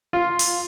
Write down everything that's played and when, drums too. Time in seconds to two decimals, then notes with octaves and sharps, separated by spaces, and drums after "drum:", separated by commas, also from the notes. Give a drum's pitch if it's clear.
0.13 F4
0.39 drum: open hi-hat